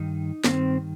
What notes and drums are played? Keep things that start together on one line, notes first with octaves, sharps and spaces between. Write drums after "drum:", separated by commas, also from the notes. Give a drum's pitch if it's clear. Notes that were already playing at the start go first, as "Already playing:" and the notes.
Already playing: G2 D#3 D#4
G2 D#3 C4, drum: snare